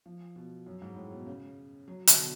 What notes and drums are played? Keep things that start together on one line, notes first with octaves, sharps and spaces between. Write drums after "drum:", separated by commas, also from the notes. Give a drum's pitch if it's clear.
F3
B2
F#2
G#2
A2
B2
C#3
F#3
D3, drum: hi-hat
B2